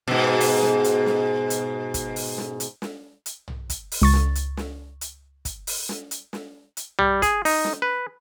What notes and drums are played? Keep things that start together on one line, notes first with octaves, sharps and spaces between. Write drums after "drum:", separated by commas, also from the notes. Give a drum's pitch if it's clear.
G#2 B2
drum: open hi-hat
drum: snare
drum: hi-hat
drum: snare
drum: hi-hat
drum: kick, hi-hat
drum: open hi-hat
drum: snare
drum: hi-hat
drum: snare
drum: hi-hat
drum: tom
drum: kick, hi-hat
drum: open hi-hat
C#2 C#6 A6
drum: snare
drum: hi-hat
drum: snare
drum: hi-hat
drum: kick, hi-hat
drum: open hi-hat
drum: snare
drum: hi-hat
drum: snare
drum: hi-hat
G3, drum: tom
G#4, drum: kick, hi-hat
D#4, drum: open hi-hat
drum: snare
B4